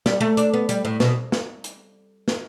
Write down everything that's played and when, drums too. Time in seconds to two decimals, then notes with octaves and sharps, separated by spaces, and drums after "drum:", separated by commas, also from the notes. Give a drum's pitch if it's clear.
0.06 G3, drum: snare
0.21 A3
0.37 D4, drum: hi-hat
0.53 B3
0.69 G3, drum: hi-hat
0.85 A2
1.00 B2, drum: snare
1.32 drum: snare
1.64 drum: hi-hat
2.28 drum: snare